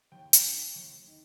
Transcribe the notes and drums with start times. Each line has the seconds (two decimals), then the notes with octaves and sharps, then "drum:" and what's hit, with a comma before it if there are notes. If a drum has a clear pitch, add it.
0.12 D#2 G5
0.33 drum: hi-hat
0.43 D#3
0.76 D#2
1.07 D#3